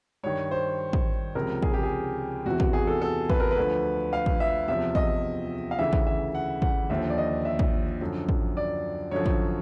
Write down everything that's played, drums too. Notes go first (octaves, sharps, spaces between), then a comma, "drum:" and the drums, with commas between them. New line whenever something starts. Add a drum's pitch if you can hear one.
G2 D#3 C#5
C5
drum: kick
C#2 C3 F3 A#4
G#4, drum: kick
G4
G#4
E2 C3 E3 F#4
F#4, drum: kick
G#4
A4
A4
B4, drum: kick
A#4
B4
D2 D3 F3
F5
drum: kick
E5
E2 C3 F3 E5
D#5, drum: kick
F5
D2 C#3 E3 E5
drum: kick
E5
F#5
F#5, drum: kick
D#2 D3 F3 E5
D5
D#5
E5
drum: kick
F#2 D3 F3
drum: kick
D5
F#2 D3 F3 C#5
drum: kick